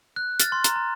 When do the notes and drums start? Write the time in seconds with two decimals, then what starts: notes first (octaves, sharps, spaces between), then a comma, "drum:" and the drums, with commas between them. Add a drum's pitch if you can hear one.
0.16 F#6
0.40 F6 A6, drum: hi-hat
0.52 C6
0.64 A#5, drum: hi-hat
0.76 A#5